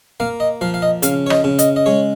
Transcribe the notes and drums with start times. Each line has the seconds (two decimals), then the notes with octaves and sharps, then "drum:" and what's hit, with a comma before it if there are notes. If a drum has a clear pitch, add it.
0.20 A#3 F5
0.40 D#5
0.61 F3 F5
0.74 F5
0.82 D#5
1.02 C#3 F5, drum: hi-hat
1.26 C#5
1.30 D#5, drum: rim click
1.44 C#3
1.59 D#5, drum: hi-hat
1.76 D#5
1.86 G#3 C#5